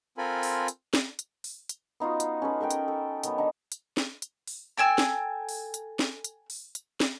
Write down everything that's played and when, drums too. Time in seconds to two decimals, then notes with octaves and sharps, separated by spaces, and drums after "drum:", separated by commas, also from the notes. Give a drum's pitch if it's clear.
0.18 C4 F4 A4 A#4 G#5 B5
0.43 drum: open hi-hat
0.68 drum: hi-hat
0.94 drum: snare
1.19 drum: hi-hat
1.44 drum: open hi-hat
1.69 drum: hi-hat
2.00 B3 D#4 F4 F#4
2.20 drum: hi-hat
2.42 C#4 A4 B4
2.61 A4 A#4 F#5 G5
2.71 drum: hi-hat
2.88 A4
3.24 D#3 F#3 B3, drum: hi-hat
3.38 D3 D#4
3.72 drum: hi-hat
3.97 drum: snare
4.22 drum: hi-hat
4.47 drum: open hi-hat
4.77 A4 G5 G#5 E6
4.98 drum: snare
5.49 drum: open hi-hat
5.74 drum: hi-hat
5.99 drum: snare
6.24 drum: hi-hat
6.50 drum: open hi-hat
6.75 drum: hi-hat
7.00 drum: snare